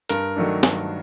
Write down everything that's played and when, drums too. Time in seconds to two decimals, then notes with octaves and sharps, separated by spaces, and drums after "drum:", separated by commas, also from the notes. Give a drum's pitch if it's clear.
0.09 G2 A#4, drum: hi-hat
0.36 D#3 F#3 A3 D4
0.63 G2, drum: snare